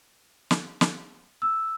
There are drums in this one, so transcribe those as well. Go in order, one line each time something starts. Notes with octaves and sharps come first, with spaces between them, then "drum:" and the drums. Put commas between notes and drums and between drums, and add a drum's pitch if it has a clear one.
drum: snare
drum: snare
E6